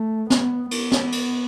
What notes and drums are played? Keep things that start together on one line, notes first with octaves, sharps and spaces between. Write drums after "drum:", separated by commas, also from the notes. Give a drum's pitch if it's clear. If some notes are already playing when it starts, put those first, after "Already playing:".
Already playing: A3
B3, drum: snare
B3, drum: cymbal
drum: snare
drum: cymbal